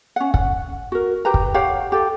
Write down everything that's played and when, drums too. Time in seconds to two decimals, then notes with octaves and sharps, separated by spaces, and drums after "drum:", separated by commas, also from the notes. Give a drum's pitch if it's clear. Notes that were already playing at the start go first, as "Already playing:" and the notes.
0.16 C#4 F#5
0.34 F#5, drum: kick
0.92 F#4 A#4
1.25 G4 B4 A#5
1.34 drum: kick
1.54 G4 C#5 F5 F#5
1.92 G4 A4